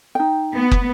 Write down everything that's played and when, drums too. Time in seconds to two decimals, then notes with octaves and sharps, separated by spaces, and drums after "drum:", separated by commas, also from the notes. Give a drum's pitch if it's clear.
0.15 D#4 G5
0.54 B3
0.71 drum: kick